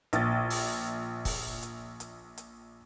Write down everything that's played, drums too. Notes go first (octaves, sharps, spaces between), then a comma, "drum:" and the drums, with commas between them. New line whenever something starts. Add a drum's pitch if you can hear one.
A#1 A6, drum: hi-hat
drum: open hi-hat
drum: kick, open hi-hat
drum: hi-hat
drum: hi-hat
drum: hi-hat